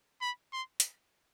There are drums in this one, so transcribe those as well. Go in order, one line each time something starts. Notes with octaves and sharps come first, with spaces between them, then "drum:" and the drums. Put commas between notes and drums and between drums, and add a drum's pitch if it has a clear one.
B5
C6
drum: hi-hat